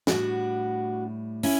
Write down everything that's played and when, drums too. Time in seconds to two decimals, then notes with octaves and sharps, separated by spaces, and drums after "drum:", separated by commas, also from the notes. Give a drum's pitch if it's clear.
0.07 A2 G3 D4 F#4, drum: snare
1.43 C#4 E4, drum: open hi-hat